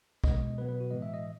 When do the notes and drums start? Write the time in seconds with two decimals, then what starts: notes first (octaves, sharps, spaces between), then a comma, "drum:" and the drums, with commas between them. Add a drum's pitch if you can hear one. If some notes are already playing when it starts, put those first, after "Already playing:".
0.24 B2 G#3 B3 D#5, drum: kick
0.58 B2 F#3 B3 B4
0.68 B4
0.80 F#4
0.91 A2 E3 G#3 D#5
1.02 E5
1.14 D#5